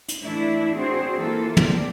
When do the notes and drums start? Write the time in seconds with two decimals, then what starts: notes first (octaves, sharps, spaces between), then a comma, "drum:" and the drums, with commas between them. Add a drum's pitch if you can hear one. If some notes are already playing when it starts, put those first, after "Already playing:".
0.08 drum: hi-hat
0.25 E3 A3 D4 E4
0.77 C4 D4 F#4 G#4 C5
1.18 E3 A#3 F4 A4
1.57 F2 A3 C4 D5, drum: tom